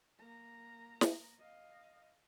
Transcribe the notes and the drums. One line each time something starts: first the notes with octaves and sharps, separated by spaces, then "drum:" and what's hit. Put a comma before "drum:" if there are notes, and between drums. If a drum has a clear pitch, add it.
A#3 A#5
drum: snare
D#5 F5